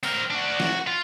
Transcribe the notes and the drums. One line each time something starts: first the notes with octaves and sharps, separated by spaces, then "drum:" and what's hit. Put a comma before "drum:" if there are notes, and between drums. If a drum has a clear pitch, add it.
C4 A#4, drum: open hi-hat
D4 F#4
F#4, drum: snare
F4